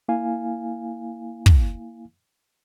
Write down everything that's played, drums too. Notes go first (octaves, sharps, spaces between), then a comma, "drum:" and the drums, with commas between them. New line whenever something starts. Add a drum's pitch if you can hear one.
A#3 E4 F5 G#5
drum: kick